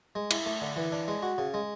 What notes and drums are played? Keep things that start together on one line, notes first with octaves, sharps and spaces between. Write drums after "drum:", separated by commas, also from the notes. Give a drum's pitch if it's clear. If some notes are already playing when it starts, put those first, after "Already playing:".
G#3
E4, drum: cymbal
A3
D3
E3
D4
G#3
F#4
C#3
G#3